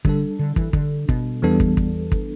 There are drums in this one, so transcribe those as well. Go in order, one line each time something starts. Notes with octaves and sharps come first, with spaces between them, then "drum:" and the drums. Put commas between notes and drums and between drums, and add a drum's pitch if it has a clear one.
D3 G3 D4 A4, drum: kick
D3
E3, drum: kick
D3, drum: kick
B2, drum: kick
E2 E3 G3 B3 D4 A4
drum: kick
drum: kick
drum: kick